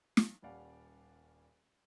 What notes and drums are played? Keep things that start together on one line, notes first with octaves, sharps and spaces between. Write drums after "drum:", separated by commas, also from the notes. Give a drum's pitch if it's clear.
drum: snare
D#1 G3 C#4 D5 F5 F#5